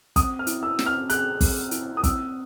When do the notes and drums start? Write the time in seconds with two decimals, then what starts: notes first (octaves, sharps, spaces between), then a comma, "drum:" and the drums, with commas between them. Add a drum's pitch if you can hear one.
0.16 C4 D#6, drum: kick, hi-hat
0.39 F6
0.47 E4, drum: hi-hat
0.63 E6
0.79 C4, drum: snare
0.86 F6
1.10 G#4 F#6, drum: hi-hat
1.41 C4, drum: kick, open hi-hat
1.71 E4, drum: hi-hat
1.97 D#6
2.04 C4 E6, drum: kick, hi-hat